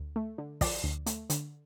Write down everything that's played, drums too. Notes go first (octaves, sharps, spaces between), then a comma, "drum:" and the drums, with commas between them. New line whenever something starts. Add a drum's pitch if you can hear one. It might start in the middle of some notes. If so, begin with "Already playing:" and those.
Already playing: D2
A3
D3
F3 D5, drum: kick, open hi-hat
D2
A3, drum: hi-hat
D3, drum: hi-hat